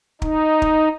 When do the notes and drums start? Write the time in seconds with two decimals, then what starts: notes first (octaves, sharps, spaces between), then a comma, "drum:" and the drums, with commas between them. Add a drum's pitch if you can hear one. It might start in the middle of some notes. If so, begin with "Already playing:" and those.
0.22 D#4, drum: kick
0.62 drum: kick